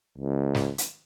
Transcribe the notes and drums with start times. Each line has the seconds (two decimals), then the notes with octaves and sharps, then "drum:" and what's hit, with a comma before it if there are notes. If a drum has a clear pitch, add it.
0.18 C#2
0.55 drum: snare
0.78 drum: hi-hat